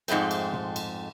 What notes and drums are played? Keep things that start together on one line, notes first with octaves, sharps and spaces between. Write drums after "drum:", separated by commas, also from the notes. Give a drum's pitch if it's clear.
F2 G#2 G#3 A3 C4, drum: cymbal
drum: cymbal
drum: tom A#2
drum: cymbal